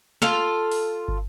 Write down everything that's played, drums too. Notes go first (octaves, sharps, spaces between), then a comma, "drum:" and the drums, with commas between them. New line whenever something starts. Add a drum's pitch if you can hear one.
F4 A4, drum: snare
drum: open hi-hat
drum: kick